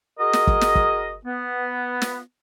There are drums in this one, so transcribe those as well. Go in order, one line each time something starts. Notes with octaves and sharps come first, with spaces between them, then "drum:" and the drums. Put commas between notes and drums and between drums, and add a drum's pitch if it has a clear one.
F#4 G#4 A#4 D#5
drum: snare
drum: kick
drum: snare
drum: kick
B3
drum: snare